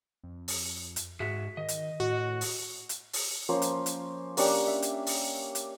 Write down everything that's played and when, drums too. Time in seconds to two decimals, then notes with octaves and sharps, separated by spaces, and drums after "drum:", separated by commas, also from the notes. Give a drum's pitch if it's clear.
0.23 F2
0.48 drum: open hi-hat
0.96 drum: hi-hat
1.20 G#2 F#4 G#4 E5
1.57 D#3 D#5
1.68 drum: hi-hat
2.00 A2 F#4
2.41 drum: open hi-hat
2.89 drum: hi-hat
3.13 drum: open hi-hat
3.49 F3 A#3 C#4 C5
3.62 drum: hi-hat
3.86 drum: hi-hat
4.37 A#3 C#4 D4 G4, drum: open hi-hat
4.67 E5
4.82 drum: hi-hat
5.07 drum: open hi-hat
5.55 drum: hi-hat